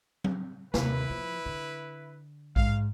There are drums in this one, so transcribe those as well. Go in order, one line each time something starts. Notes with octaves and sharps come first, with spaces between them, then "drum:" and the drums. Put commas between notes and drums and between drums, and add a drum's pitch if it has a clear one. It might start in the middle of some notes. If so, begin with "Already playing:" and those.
drum: tom F#3
D#2 C3 E4 B4, drum: snare
F3
D3
G#2 F5, drum: kick A#1